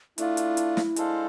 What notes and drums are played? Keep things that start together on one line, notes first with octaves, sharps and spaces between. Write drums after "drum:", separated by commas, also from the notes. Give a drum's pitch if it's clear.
A3 D4 E4 F4, drum: hi-hat
drum: hi-hat
drum: hi-hat
drum: snare
G#3 D4 A4 C5 F5, drum: hi-hat